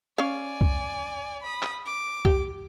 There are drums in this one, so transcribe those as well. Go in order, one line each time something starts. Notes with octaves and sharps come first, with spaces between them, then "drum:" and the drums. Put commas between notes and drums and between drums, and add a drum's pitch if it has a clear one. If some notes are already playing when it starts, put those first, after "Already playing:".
C#4 D5 F5 G#5
drum: kick
B5 D#6
drum: clap
D6
G4, drum: kick